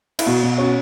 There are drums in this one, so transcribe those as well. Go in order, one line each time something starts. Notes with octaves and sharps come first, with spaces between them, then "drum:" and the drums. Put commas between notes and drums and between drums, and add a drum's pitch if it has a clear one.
E4, drum: cymbal
B2 F#4
B2
C#4 F#4